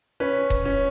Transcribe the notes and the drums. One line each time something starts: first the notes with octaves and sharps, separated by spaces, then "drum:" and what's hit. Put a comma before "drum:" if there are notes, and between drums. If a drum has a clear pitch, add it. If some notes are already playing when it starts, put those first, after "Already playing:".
C#4 B4
drum: kick D#1
C#4